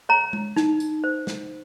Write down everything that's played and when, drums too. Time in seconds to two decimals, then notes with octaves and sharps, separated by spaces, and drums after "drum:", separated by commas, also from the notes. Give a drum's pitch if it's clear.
0.09 C#5 A#5
0.33 drum: tom G#3
0.56 D#4, drum: snare
0.80 drum: tambourine
1.04 C5
1.27 drum: snare